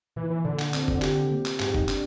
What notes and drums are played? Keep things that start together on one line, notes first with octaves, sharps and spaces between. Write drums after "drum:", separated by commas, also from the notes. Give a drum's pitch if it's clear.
A#2 E3
E3
A#2 D3
drum: clap
C4, drum: clap
drum: kick
G4, drum: clap
A#3
drum: clap
G#2 G4, drum: clap
drum: kick
D4, drum: clap